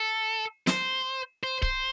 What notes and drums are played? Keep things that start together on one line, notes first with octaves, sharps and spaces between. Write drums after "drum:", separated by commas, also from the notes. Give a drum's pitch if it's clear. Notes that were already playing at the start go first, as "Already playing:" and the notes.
Already playing: A4
C5, drum: snare
C5
C5, drum: kick C#1